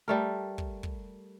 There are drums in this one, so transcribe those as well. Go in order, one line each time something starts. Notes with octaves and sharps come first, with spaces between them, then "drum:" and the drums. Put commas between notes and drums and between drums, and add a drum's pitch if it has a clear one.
G3 A3 A#4
drum: kick
drum: kick